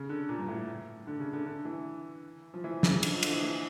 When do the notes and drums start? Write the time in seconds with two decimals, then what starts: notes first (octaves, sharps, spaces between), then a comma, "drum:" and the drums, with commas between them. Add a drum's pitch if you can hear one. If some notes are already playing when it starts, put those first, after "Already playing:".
Already playing: C#3
0.09 D3
0.29 A#2
0.39 G2
0.48 A2
1.07 D3
1.20 C#3
1.33 D3
1.46 D3
1.65 E3
2.54 F3
2.64 E3
2.83 C#3, drum: snare
3.03 D3, drum: cymbal
3.13 F3
3.23 D3, drum: cymbal
3.32 E3
3.42 E3